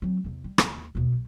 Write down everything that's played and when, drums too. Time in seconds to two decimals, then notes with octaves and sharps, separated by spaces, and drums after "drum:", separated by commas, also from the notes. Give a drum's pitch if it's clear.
0.02 F#3 C4
0.24 E2 C3
0.44 G3
0.58 D#2, drum: rim click
0.95 D#2 B2
1.12 B1